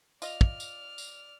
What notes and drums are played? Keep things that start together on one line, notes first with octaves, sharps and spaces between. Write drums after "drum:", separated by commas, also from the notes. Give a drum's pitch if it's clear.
F4 D5 D#5 F6, drum: tambourine
drum: kick
drum: tambourine
drum: tambourine